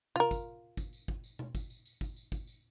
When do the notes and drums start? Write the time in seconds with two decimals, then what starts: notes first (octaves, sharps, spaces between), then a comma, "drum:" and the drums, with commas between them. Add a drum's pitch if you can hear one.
0.16 F4 A#4, drum: tom C3
0.31 drum: kick, tambourine
0.77 drum: kick, tambourine
0.93 drum: tambourine
1.08 drum: kick
1.24 drum: tambourine
1.39 drum: tom B2
1.55 drum: kick, tambourine
1.70 drum: tambourine
1.86 drum: tambourine
2.01 drum: kick, tambourine
2.16 drum: tambourine
2.32 drum: kick, tambourine
2.47 drum: tambourine